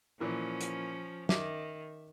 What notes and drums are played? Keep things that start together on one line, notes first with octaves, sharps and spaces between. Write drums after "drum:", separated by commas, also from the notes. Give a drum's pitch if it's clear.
A#2 E3 F3 A#3 C#4
drum: hi-hat
D#3 E5 D6, drum: snare